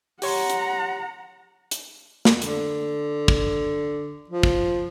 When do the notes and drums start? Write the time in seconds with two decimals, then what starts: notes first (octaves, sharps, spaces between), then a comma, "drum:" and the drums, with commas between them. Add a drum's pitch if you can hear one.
0.22 G4 C#5 F#5 A#5 C6, drum: open hi-hat
0.50 drum: hi-hat
1.71 drum: hi-hat
2.25 drum: snare
2.42 D3, drum: hi-hat
3.28 drum: kick
4.29 F3
4.43 drum: kick